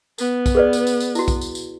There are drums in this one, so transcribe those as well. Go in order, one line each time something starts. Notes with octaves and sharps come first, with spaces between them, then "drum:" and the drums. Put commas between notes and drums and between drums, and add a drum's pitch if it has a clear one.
B3, drum: tambourine
drum: kick B1, tambourine
G#4 B4 D5
drum: tambourine
drum: tambourine
drum: tambourine
E4 F#4, drum: tambourine
drum: kick B1, tambourine
drum: tambourine
drum: tambourine